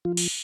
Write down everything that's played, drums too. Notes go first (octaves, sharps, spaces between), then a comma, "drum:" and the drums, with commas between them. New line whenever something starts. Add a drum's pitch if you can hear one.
F3 F4
drum: cymbal